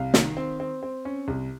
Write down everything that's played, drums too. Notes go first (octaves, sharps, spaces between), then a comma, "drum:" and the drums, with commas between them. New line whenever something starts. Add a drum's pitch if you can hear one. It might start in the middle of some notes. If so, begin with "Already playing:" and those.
Already playing: C2 F5
D#3, drum: snare
C4
C4
C4
C#4
C2